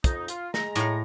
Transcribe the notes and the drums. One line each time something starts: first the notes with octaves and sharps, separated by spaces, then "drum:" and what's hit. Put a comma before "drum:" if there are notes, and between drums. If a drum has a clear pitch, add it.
F2 D#4, drum: kick, hi-hat
F4, drum: hi-hat
G#3 A#5, drum: snare
A2 A3 F5, drum: hi-hat